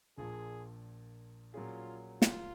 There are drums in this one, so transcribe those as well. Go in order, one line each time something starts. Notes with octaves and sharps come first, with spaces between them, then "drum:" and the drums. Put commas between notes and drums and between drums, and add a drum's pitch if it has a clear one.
A#1 A#2 F3 G#4
A#2 F#3 C#4 F4 G#4
F4, drum: snare